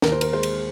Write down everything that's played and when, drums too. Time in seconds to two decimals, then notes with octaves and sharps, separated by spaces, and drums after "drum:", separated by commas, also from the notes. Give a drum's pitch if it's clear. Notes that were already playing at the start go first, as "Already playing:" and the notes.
0.02 D#2 A#4, drum: snare
0.12 C5
0.21 A#4, drum: cymbal
0.33 G#3 C5
0.43 drum: cymbal